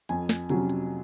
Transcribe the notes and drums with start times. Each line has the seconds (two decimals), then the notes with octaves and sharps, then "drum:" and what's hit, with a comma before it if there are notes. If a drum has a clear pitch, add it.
0.09 F2 G#5, drum: hi-hat
0.29 drum: snare
0.49 C3 F#3 C#4, drum: hi-hat
0.70 drum: hi-hat